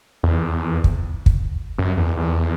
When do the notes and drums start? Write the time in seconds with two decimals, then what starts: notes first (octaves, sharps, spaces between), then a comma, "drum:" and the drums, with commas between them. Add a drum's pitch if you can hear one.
0.23 E2
0.84 drum: kick
1.26 drum: kick
1.78 F#2
1.97 E2
2.17 E2